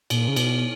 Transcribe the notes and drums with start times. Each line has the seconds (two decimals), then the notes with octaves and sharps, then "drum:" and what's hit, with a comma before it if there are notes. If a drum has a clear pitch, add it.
0.10 A#2, drum: cymbal
0.28 C#3
0.36 B2, drum: cymbal